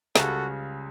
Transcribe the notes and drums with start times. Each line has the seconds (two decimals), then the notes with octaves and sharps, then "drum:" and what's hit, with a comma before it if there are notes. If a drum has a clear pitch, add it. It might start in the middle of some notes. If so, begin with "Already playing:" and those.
0.16 C#2 C#3 G3 F#4 A4, drum: snare